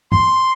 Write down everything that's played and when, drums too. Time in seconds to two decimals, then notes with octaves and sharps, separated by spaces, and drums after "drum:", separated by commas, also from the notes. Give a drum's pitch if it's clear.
0.12 C6, drum: tom